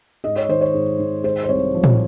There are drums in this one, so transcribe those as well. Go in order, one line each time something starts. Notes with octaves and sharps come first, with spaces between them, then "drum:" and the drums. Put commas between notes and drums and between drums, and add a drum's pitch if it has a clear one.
G#2 D#5
C#5
D#3 C5
C#5
G#2
D#3
G#3 C5
C5
C2 C#5
F3
drum: tom